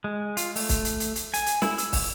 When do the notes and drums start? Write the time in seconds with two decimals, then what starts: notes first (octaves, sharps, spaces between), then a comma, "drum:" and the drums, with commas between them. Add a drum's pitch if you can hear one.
0.04 G#3
0.37 F4, drum: hi-hat
0.56 A3, drum: open hi-hat
0.69 drum: kick, hi-hat
0.85 drum: hi-hat
1.00 drum: hi-hat
1.15 drum: hi-hat
1.34 G#5, drum: hi-hat
1.46 drum: hi-hat
1.62 E4, drum: snare
1.78 E6, drum: hi-hat
1.93 drum: kick, open hi-hat